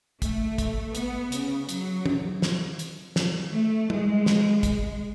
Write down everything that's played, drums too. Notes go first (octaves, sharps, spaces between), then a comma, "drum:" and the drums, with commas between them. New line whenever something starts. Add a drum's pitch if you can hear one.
A3, drum: kick, hi-hat
drum: kick, hi-hat
B3, drum: hi-hat
C#3, drum: hi-hat
F#3, drum: hi-hat
drum: tom
drum: snare
drum: hi-hat
drum: snare
A3
G#3, drum: tom
drum: snare
drum: kick, hi-hat